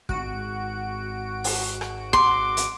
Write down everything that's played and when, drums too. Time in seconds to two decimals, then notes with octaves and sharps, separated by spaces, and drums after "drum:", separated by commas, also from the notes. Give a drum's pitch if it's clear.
0.09 G#1 F#4 D7, drum: kick
1.44 drum: open hi-hat
1.81 drum: rim click
2.13 C6 D6, drum: kick
2.57 drum: hi-hat